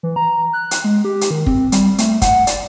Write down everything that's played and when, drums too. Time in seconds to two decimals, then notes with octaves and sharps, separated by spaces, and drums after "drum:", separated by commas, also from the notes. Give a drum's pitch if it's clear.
0.03 E3
0.16 A#5
0.53 F#6
0.71 drum: hi-hat
0.84 G#3
1.05 G4
1.21 drum: hi-hat
1.31 D#3
1.46 C4, drum: kick
1.72 G3, drum: hi-hat
1.98 A3, drum: hi-hat
2.22 F#5, drum: kick, hi-hat
2.47 D5, drum: hi-hat